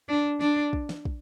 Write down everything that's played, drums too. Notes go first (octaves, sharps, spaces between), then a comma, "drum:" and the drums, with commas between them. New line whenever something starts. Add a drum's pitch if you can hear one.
D4
D4, drum: snare
drum: kick
drum: snare
drum: kick